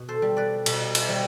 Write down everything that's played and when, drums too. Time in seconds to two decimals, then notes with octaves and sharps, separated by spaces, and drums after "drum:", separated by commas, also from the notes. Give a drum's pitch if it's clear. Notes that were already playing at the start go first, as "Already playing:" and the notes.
Already playing: B2
0.08 A4 C5
0.22 G3
0.37 B4 D5
0.66 B2, drum: cymbal
0.95 drum: cymbal
1.09 G3